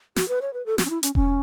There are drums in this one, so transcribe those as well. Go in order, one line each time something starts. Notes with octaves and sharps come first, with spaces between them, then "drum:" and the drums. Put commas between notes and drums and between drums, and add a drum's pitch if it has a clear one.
F#4, drum: snare
B4
C#5
B4
A4
F#4, drum: snare
C#4
E4
C#4, drum: hi-hat
C#4, drum: kick E1